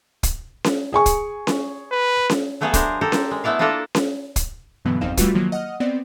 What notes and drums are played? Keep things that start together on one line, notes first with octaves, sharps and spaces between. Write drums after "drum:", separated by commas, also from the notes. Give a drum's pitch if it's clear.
drum: kick, hi-hat
drum: snare C#4
G#4 G#5 C#6
drum: kick, hi-hat
drum: snare C#4
B4
drum: snare C#4
F#3 A3 B3 G#4 A4 F5
D4 A#4 C5, drum: kick, hi-hat
G4 A4 A#4 C5
drum: snare C#4
G#3
A3 B3 E4 D5 F5
A#3 D4 E4 F4 A4 A#4
drum: snare C#4
drum: kick, hi-hat
G2 B2 D3 E3 F#3 B3
G#1 F2 C4 D#4 F5 E7
E3 G3 A3 F4 F#4 B4, drum: kick, hi-hat
D#3 F3 F#3 A#3
D#5 F#5 D#6 F6
B3 C4 D5